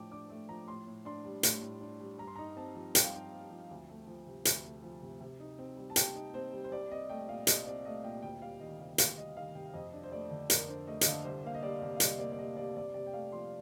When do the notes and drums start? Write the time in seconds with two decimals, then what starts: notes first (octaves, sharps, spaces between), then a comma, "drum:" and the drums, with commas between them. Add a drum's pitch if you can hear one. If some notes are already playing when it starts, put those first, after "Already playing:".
Already playing: A2 F3 A3 D4 G5 A5 D6
0.11 D4 D6
0.30 A3
0.49 F3 A#5
0.68 A2 C6
0.87 A2
1.05 D4 C6
1.25 G3
1.43 A2, drum: hi-hat
1.62 A2
1.81 D4
2.00 G3
2.19 G2 A#5
2.27 C6
2.36 D#4 A#5
2.57 C4 A5
2.75 F3
2.95 G2 G5, drum: hi-hat
3.04 F5
3.13 D#4 G5
3.32 C4
3.51 F3
3.70 D2
3.89 A3
4.07 F3
4.27 C3
4.45 D2, drum: hi-hat
4.65 A3
4.84 F3
5.02 C3
5.21 C3
5.40 D#4
5.58 C4
5.77 G3
5.90 A5
5.96 C3 G5, drum: hi-hat
6.16 D#4
6.34 C4 C5
6.53 G3
6.64 C5
6.71 C2 D5
6.91 C4 D#5
7.09 A3 G5
7.28 A#2 F5
7.47 C2 D#5, drum: hi-hat
7.66 C4 D5
7.85 A3 D#5
8.04 A#2 G5
8.22 D2 G5
8.42 G3 F5
8.60 D#3 D#5
8.79 C3 F5
8.98 D2 F5, drum: hi-hat
9.17 G3 D#5
9.37 D#3 F5
9.55 C3 G5
9.74 F2 D#5
9.93 D4
10.03 C5
10.12 A3 D5
10.30 D3
10.50 F2 A#4, drum: hi-hat
10.68 D4 C5
10.87 A3 D#5
11.01 D#5, drum: hi-hat
11.06 D3 F5
11.24 C2 C5
11.44 A#3 F5
11.54 D#5
11.63 G3 D5
11.81 C3
11.96 F5
12.00 C2 D#5, drum: hi-hat
12.19 A#3 D5
12.32 D5
12.38 G3 D#5
12.57 C3 D5
12.76 C3 D5
12.94 C3 D5
13.07 G5
13.13 A3 F5
13.32 F3 C6